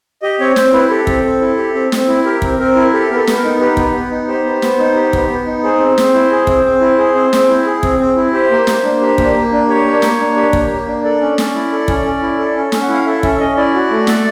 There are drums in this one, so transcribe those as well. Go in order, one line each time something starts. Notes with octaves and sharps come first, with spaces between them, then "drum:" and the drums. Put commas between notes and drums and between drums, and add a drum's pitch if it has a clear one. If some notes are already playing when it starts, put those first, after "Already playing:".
G4 D#5
C4 C#5
C4 C5, drum: snare
E4 B4
G4 A4
C4, drum: kick
C4
E4
G4
C4
C4, drum: snare
E4
G4 A#4
C4, drum: kick
C4 A#4
E4
G4 A4
B3 A#4
A4
B3, drum: snare
A#4
D#4
G4 B4
B3, drum: kick
B3
D#4
G4 C5
B3
B3, drum: snare
D#4
G4
B3, drum: kick
B3
D#4
G#4 C5
C4
C4, drum: snare
E4
G#4
C4, drum: kick
C4
E4
G#4
C4
C4, drum: snare
E4
G#4
C4, drum: kick
C4
E4
G4 C5
A#3
A#3, drum: snare
D4
G4
A#3, drum: kick
A#3
D4
G4 C#5
A#3
A#3, drum: snare
D4
G4
A#3, drum: kick
A#3
D4
A4 D5
C#4
C#4, drum: snare
E4
A4
C#4, drum: kick
C#4
E4
A4
C#4
C#4, drum: snare
F#5
E4
F5
A4 E5
C#4 E5, drum: kick
C#4 D#5
E4 D5
F#4
A3
A4, drum: snare